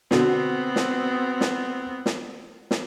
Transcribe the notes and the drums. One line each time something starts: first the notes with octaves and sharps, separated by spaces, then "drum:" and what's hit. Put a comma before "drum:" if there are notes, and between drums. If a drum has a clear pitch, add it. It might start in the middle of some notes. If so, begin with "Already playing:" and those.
B2 D3 B3 C4, drum: snare
drum: snare
drum: snare
drum: snare
drum: snare